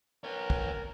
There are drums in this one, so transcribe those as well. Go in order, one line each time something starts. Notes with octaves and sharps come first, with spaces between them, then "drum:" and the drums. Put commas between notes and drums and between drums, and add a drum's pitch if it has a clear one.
B3 A#4 C#5
drum: kick